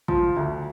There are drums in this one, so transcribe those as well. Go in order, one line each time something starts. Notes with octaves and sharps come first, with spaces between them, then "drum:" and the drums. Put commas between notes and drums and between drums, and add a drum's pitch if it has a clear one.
F3, drum: kick
D2